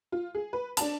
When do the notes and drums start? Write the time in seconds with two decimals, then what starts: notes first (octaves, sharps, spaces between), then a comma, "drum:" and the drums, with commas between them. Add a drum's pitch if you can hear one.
0.12 F4
0.35 G#4
0.53 B4
0.77 D4 A5, drum: hi-hat